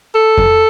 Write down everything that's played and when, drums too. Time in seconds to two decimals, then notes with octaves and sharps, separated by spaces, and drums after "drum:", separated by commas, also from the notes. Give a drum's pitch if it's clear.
0.15 A4
0.38 drum: kick F2